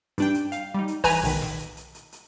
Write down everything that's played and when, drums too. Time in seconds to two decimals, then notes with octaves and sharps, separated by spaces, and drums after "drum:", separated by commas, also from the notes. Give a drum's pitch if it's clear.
0.18 G2 D4 G5, drum: hi-hat
0.34 drum: hi-hat
0.52 F5, drum: hi-hat
0.74 G3 D#4
0.88 drum: hi-hat
1.04 E3 B4 G#5 A#5, drum: kick, open hi-hat
1.23 B1 D#3, drum: open hi-hat
1.41 drum: snare
1.59 drum: hi-hat
1.77 drum: hi-hat
1.95 drum: hi-hat
2.12 drum: hi-hat